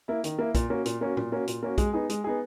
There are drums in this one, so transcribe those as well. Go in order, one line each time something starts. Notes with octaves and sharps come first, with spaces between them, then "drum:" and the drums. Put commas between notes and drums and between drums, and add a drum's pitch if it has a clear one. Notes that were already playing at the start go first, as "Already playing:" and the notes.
A#3 E4
D#3, drum: hi-hat
A#3 E4
A#2, drum: kick, hi-hat
A#3 C#4 F#4
A#2, drum: hi-hat
A#3 C#4 F#4
A#2, drum: tom
A#3 C#4 F#4
A#2, drum: hi-hat
A#3 C#4 F#4
G#3, drum: kick, hi-hat
B3 D#4 G#4
G#3, drum: hi-hat
B3 D#4 G#4